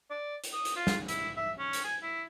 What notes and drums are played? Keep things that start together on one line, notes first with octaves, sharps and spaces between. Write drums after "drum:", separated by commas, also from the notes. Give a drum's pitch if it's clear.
D5
drum: hi-hat
D#6
drum: hi-hat
F4
drum: snare
E4, drum: hi-hat
E5
C#4
drum: hi-hat
G#5
E4